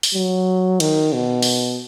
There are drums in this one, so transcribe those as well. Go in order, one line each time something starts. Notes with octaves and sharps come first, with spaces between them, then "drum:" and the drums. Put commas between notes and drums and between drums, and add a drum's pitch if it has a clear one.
drum: open hi-hat
F#3
D#3, drum: cymbal
B2
drum: open hi-hat